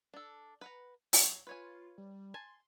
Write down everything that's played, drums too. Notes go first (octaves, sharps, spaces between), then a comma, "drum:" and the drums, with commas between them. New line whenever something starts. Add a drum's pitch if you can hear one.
D4 A4
B4 F#5 A#5
F#3, drum: open hi-hat
F4 B4 C#5 G#5
G3
G#5 A5 C6